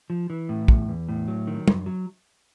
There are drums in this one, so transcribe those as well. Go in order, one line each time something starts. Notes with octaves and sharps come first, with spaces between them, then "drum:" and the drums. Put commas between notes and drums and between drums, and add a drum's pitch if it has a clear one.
F3
E3
A2
E2, drum: kick
E2
A2
F#3
D#3
F#2, drum: tom
F#3